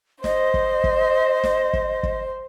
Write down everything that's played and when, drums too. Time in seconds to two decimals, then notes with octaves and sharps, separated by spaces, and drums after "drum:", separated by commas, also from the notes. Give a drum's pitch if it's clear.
0.24 C5 D#5, drum: snare
0.54 drum: kick
0.84 drum: kick
1.44 drum: snare
1.73 drum: kick
2.03 drum: kick